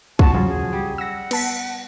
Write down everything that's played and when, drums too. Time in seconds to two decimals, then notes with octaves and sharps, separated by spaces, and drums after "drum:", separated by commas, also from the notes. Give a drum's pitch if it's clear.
0.19 F3 F#4 A5, drum: kick
0.34 C#3 F#3 F4, drum: tom F#3
0.48 G#4
0.73 G3
0.98 F#5 E6 A#6
1.31 B3 A5 B6, drum: cymbal